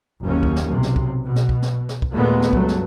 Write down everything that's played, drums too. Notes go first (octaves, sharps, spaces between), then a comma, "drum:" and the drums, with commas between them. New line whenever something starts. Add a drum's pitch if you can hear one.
F#1 D#2 C#4
drum: kick
drum: snare
B1 C3
drum: snare
drum: kick
B2
drum: snare
drum: kick
drum: snare
drum: snare
drum: kick
D#2 A#2 G#3 A3 B3
drum: snare
C#2 G2 F#3 A3, drum: kick
drum: snare